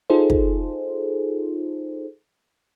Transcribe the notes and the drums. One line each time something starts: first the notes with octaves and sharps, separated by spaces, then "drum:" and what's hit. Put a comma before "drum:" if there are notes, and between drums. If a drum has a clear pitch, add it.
D#4 F4 G#4 A4 C5
drum: kick